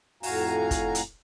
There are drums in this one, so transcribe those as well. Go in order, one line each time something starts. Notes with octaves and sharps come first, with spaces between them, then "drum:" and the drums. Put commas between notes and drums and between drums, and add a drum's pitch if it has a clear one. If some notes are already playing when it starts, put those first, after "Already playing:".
F2 A2 F#4 F5 G#5 A#5, drum: open hi-hat
drum: kick, hi-hat
drum: hi-hat